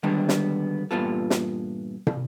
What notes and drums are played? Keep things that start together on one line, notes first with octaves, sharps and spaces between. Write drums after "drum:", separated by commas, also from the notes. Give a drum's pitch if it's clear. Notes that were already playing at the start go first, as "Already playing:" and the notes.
D3 D#3 G3 G#3 B3 D4
drum: snare
G2 A#2 E3 B3 F4 A4
drum: snare
drum: tom